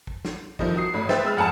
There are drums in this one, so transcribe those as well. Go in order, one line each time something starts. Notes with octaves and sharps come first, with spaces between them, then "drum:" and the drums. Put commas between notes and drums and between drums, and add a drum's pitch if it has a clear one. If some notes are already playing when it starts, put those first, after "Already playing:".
drum: kick
drum: snare
D#3 F3 G3 E4 D#5, drum: kick
F#4 D#6 C7
A1 B5
B4 C5 E5 G5 A6, drum: snare
G#3 B5 E6 F6
F2 F#5 G#5 A5